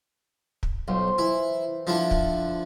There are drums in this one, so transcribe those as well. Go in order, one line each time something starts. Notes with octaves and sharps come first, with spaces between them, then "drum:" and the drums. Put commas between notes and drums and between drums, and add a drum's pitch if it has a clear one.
drum: kick
B1 F4 C5 G5
E3 E4
D3 F3 D4 E4
drum: kick